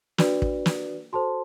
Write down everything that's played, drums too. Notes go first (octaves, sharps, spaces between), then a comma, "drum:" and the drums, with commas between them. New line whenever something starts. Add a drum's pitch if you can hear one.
D4 F#4 B4 D5, drum: snare
drum: kick
drum: snare
F#4 A4 C5 A5 C6